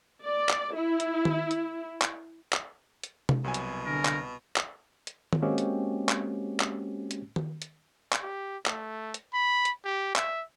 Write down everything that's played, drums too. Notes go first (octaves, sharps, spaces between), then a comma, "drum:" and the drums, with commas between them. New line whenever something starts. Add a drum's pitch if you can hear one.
D5
drum: clap
E4
drum: hi-hat
drum: tom D#3
drum: hi-hat
drum: clap
drum: clap
drum: hi-hat
drum: tom C3
C2 B2 F#3 G#5
drum: hi-hat
D3 A#4
drum: clap
drum: clap
drum: hi-hat
drum: tom D#3
G#3 A#3 C4 C#4 F#4 G4
drum: hi-hat
drum: clap
drum: clap
drum: hi-hat
drum: tom D#3
drum: hi-hat
drum: clap
G4
A3, drum: clap
drum: hi-hat
B5
drum: hi-hat
G4
E5, drum: clap